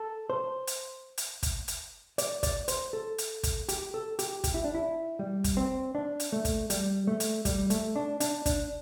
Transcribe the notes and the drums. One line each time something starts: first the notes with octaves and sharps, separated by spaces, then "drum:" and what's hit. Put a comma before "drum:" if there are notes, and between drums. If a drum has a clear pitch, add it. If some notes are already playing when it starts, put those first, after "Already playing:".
Already playing: A4
C5
drum: hi-hat
drum: hi-hat
drum: kick, hi-hat
drum: hi-hat
D5, drum: hi-hat
D5, drum: kick, hi-hat
C5, drum: hi-hat
A4
drum: hi-hat
drum: kick, hi-hat
G4, drum: hi-hat
A4
G4, drum: hi-hat
G4, drum: kick, hi-hat
E4
D4
E4
G3
drum: kick, hi-hat
C4
D4
drum: hi-hat
A3
drum: kick, hi-hat
G3, drum: hi-hat
A3
drum: hi-hat
G3, drum: kick, hi-hat
A3, drum: hi-hat
D4
D4, drum: hi-hat
D4, drum: kick, hi-hat